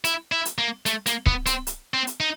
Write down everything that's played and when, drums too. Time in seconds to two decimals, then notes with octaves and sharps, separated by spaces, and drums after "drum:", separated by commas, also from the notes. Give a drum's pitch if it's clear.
0.04 E4, drum: hi-hat
0.32 E4
0.45 drum: hi-hat
0.58 A#3
0.86 A3, drum: hi-hat
1.06 A#3, drum: hi-hat
1.26 B3, drum: kick C#1
1.46 C4, drum: hi-hat
1.67 drum: hi-hat
1.94 C4
2.07 drum: hi-hat
2.20 D#4